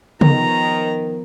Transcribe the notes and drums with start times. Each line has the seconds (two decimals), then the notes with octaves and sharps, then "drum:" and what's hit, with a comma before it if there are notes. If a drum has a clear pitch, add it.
0.21 D#3 F3 B3 A#4 A#5, drum: tom